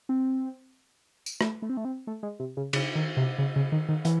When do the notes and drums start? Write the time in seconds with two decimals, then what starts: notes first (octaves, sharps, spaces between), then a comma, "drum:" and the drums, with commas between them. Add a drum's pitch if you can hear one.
0.09 C4
1.26 drum: tambourine
1.41 A3, drum: rim click
1.62 A3
1.69 C4
1.77 A3
1.85 C4
2.07 A3
2.23 G#3
2.40 C3
2.57 C#3
2.73 C#3, drum: cymbal
2.95 D#3
3.17 C3
3.38 C#3
3.56 C#3
3.72 D#3
3.89 D#3
4.05 E3, drum: hi-hat